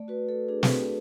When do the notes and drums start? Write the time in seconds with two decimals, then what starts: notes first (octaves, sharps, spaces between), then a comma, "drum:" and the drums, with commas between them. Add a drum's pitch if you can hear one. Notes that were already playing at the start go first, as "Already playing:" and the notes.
Already playing: A3 D5
0.08 F#4 B4
0.28 A3 A4
0.48 D4 G#4
0.63 G#4, drum: snare
0.68 A3
0.79 G#4